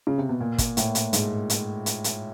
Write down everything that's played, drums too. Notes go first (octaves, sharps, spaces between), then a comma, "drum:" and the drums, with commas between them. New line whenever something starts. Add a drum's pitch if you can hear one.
C#3
C3
B2
A#2
drum: kick, hi-hat
A2, drum: hi-hat
drum: hi-hat
G#2, drum: hi-hat
drum: hi-hat
drum: hi-hat
drum: hi-hat